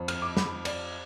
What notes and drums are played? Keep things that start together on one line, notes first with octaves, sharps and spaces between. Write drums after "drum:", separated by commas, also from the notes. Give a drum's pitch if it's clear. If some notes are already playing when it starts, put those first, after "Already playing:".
Already playing: F2 F3
F6, drum: cymbal
D6
B5, drum: snare
D5, drum: cymbal